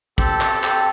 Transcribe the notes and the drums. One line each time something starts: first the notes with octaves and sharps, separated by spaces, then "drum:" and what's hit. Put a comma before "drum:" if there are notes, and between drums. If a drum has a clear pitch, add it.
C4 G4 A4 A5, drum: kick
drum: clap
drum: clap